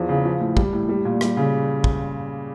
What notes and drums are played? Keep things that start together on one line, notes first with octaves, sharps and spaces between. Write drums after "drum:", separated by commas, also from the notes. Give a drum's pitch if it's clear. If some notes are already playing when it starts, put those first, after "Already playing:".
Already playing: E2 F3
C#3
F3
A2
G3, drum: kick
A2
G3
A#2
G3, drum: rim click
C#3
drum: kick